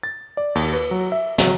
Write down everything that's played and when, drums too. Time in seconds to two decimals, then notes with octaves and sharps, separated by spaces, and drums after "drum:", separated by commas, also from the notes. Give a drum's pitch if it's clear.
0.03 A6
0.37 D5
0.55 D#2, drum: cymbal
0.73 B4
0.91 F#3
1.12 E5
1.38 F#3, drum: snare